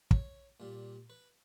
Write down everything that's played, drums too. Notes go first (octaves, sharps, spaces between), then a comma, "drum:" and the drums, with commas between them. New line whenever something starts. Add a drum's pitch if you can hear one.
C#5, drum: kick
A#2 G3
B4